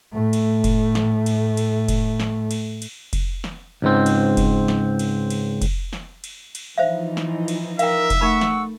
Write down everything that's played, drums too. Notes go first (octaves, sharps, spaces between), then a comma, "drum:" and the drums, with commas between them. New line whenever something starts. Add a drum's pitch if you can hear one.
A2 A3
drum: cymbal
drum: kick F1, cymbal
drum: snare
drum: cymbal
drum: cymbal
drum: kick F1, cymbal
drum: snare
drum: cymbal
drum: cymbal
drum: kick F1, cymbal
drum: snare
C#2 G#2 C4
drum: cymbal
drum: kick F1, cymbal
drum: snare
drum: cymbal
drum: cymbal
drum: kick F1, cymbal
drum: snare
drum: cymbal
drum: cymbal
E3 F3 D#4 C5 E5 F5
drum: snare
drum: cymbal
A#4 E5 F5 G5, drum: cymbal
drum: kick F1, cymbal
A3 D#4 A#4 F#5 B5 C#6 E6
drum: snare